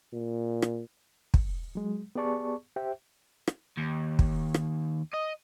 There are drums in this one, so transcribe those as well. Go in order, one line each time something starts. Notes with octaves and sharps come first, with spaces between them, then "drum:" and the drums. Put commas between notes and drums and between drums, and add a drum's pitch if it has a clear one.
A#2
drum: rim click
drum: kick
F#3 G#3
B3 G4 G#4 D5 A5 C#6
G4 C5 E5 G5
drum: rim click
D#2
drum: kick
drum: rim click
D#5